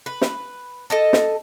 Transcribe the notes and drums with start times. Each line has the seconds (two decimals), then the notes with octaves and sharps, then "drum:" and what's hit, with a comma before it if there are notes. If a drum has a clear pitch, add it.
0.06 B4
0.21 drum: snare
0.90 A4 D#5 A5
1.13 drum: snare